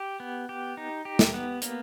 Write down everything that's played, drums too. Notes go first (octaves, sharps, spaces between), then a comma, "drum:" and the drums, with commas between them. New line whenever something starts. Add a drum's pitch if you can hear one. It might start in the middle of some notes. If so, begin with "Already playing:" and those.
Already playing: G4
B3
G4
D#4
G4
drum: snare
B3
A#3, drum: hi-hat